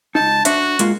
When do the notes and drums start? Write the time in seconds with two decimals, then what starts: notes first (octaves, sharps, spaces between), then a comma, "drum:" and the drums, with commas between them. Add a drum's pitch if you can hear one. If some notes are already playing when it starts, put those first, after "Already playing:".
0.15 C#2 D#4 A5
0.45 D4 F#4 C5 E5, drum: hi-hat
0.79 G#3 A#3 F4, drum: hi-hat